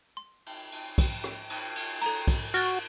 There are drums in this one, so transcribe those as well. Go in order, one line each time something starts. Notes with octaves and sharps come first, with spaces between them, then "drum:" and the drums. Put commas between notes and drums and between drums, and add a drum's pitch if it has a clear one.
C6
drum: cymbal
drum: cymbal
drum: kick, cymbal
drum: rim click
drum: cymbal
drum: cymbal
A4 A#5, drum: cymbal
drum: kick, cymbal
F#4 F6 A6, drum: cymbal